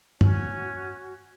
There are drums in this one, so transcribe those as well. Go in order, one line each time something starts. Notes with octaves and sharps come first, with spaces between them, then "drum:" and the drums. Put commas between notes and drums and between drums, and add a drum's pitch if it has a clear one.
C#4 F#4, drum: tom